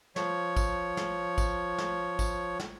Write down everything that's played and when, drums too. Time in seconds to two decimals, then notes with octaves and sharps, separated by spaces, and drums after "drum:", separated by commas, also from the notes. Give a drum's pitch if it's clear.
0.16 F3 C#5, drum: snare
0.57 drum: kick, tambourine
0.97 drum: snare
1.38 drum: kick, tambourine
1.78 drum: snare
2.19 drum: kick, tambourine
2.59 drum: snare